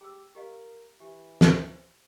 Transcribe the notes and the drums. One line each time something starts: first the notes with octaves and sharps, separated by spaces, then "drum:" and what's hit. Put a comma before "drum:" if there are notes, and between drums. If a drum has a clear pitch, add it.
G4 G#4 E6
G4 A#4 D#5 F5
E3 G4
drum: snare